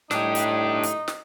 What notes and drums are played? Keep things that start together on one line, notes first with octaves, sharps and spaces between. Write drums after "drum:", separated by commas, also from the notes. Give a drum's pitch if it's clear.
A2 D4 D#4 G4, drum: snare
drum: hi-hat
drum: hi-hat
drum: snare